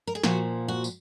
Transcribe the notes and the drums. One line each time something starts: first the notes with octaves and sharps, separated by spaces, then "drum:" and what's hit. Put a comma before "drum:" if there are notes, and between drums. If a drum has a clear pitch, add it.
A#4
G#4
A#2 F3 F#4, drum: snare
F#4
drum: tambourine